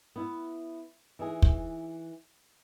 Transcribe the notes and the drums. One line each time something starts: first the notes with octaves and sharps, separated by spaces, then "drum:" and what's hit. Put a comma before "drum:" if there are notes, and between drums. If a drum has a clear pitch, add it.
B3 E4
E3 D#4 G#4
drum: kick